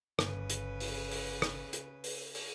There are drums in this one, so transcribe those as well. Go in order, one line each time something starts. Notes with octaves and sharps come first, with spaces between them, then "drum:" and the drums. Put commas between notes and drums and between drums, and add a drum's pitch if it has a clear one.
G1 C#3 B4, drum: rim click
drum: hi-hat
drum: open hi-hat
drum: open hi-hat
drum: rim click
drum: hi-hat
drum: open hi-hat
drum: open hi-hat